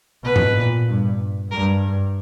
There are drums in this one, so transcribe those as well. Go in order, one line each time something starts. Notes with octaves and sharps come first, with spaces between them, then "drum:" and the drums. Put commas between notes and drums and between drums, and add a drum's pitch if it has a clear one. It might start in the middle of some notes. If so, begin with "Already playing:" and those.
B2 B4
drum: tom G#2
A#2
G2
G2 A#4